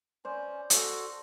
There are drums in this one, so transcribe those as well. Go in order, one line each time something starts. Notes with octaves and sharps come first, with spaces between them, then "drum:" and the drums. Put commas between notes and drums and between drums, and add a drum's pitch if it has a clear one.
C#4 C5 D5
F#4 A4, drum: hi-hat